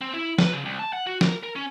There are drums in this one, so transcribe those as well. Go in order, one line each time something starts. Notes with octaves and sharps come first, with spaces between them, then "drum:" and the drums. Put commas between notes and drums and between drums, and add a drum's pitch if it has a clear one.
C4
E4
B4, drum: snare
C#3
C2
A5
F#5
F#4
A#4, drum: snare
A#4
C#4